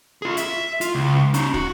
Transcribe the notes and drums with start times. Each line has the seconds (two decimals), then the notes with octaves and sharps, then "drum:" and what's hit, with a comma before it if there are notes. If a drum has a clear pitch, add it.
0.22 F4 G#4
0.37 E5, drum: hi-hat
0.81 F4, drum: hi-hat
0.95 C#2
1.34 C#4 D#4, drum: hi-hat
1.54 F#4, drum: kick